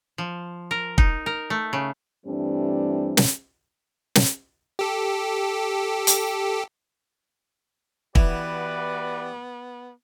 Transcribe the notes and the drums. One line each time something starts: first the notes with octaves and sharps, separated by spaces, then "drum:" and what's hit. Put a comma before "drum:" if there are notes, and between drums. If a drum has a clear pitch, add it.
F3
A#4
D#4, drum: kick
A#4
A3
C#3
G2 E3 G3 A3 C4 D4
drum: snare
drum: snare
G4 A4
drum: hi-hat
E3 B3 F#4 G4 B4 D5, drum: kick